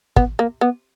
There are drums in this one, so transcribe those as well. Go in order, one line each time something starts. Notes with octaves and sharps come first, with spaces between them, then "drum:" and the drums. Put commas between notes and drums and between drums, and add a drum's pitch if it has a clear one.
B3, drum: kick
A#3
B3